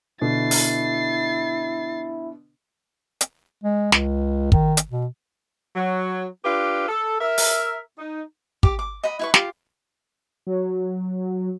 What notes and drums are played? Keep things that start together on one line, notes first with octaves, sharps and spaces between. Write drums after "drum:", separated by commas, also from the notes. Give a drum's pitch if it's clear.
B2 D3 E4 A6 C7
drum: open hi-hat
drum: hi-hat
G#3
C#2, drum: snare
D#3, drum: kick
drum: hi-hat
B2
F#3
D4 F4 G4 B4
A4
A#4 E5
drum: open hi-hat
D#4
G4 D6, drum: kick
D6
D#5 F#5 B5
E4 B4 C#6
F4 G4, drum: snare
F#3